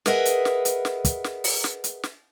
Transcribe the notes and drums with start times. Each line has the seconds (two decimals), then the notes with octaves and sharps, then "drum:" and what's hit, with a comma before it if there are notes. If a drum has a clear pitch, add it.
0.06 G#4 A#4 B4 D#5 E5 F#5, drum: snare
0.25 drum: hi-hat
0.45 drum: snare
0.65 drum: hi-hat
0.85 drum: snare
1.05 drum: kick, hi-hat
1.24 drum: snare
1.44 drum: open hi-hat
1.64 drum: snare
1.84 drum: hi-hat
2.03 drum: snare